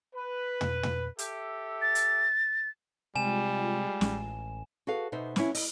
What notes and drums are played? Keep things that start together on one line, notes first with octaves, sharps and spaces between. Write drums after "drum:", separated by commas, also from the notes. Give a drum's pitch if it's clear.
B4
drum: tom
drum: tom
G4 A4 E5, drum: hi-hat
A6
drum: hi-hat
C3 G3 G#3 F4 G#5 E7
A1, drum: snare
F#4 G#4 A4 B4 F5
B2 B3 D#4 C5 E5
B3 C#4 E4, drum: snare
D#5, drum: open hi-hat